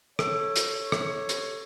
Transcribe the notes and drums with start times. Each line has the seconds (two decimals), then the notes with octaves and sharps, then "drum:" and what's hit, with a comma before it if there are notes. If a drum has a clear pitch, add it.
0.19 A4 C#5, drum: rim click
0.56 drum: hi-hat
0.92 drum: rim click
1.29 drum: hi-hat